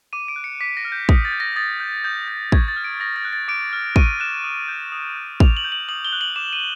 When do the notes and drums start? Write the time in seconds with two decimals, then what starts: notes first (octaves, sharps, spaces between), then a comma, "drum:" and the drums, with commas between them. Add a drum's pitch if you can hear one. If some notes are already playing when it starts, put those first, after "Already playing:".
0.13 D6 D#7
0.28 D7
0.36 F#6
0.44 C#7
0.60 D6 B6
0.77 A#6
0.85 F6
0.92 G6
1.09 D#6, drum: kick
1.25 A6
1.32 G6
1.40 A#6
1.56 D#6 A6
1.80 G6
2.04 D#6 G6
2.28 G6
2.52 C#6 G#6, drum: kick
2.68 A6
2.76 F6
2.84 D7
3.00 D#6 A#6
3.16 A6
3.25 F#6
3.33 A6
3.48 D6 D7
3.73 F6
3.96 C#6 D#7, drum: kick
4.20 F#6 E7
4.44 D#6
4.68 G6
4.92 D#6
5.16 F#6
5.40 D6 F7, drum: kick
5.57 F#7
5.64 G6
5.72 F#7
5.89 D#6 F#7
6.05 G7
6.13 F#6
6.21 F#7
6.36 D6 E7
6.53 D#7